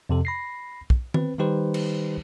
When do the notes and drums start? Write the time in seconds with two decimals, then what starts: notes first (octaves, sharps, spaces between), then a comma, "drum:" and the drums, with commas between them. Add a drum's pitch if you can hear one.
0.09 F2 C3 A4
0.25 B5 A#6 C7
0.90 drum: kick
1.14 C4 B4, drum: tom D#3
1.38 D#3 G3 D#4 G4 B4 C5
1.74 drum: cymbal